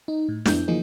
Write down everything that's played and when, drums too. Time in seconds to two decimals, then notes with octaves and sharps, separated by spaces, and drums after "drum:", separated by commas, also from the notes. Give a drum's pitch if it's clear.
0.08 D#4
0.29 A2
0.45 F2 B3 D4 E4 G6, drum: snare
0.68 D3 E3 F3 A#3 D#4 G#4